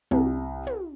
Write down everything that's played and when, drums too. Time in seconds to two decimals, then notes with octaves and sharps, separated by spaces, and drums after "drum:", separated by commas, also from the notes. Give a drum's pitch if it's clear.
0.11 C2, drum: tom
0.67 drum: tom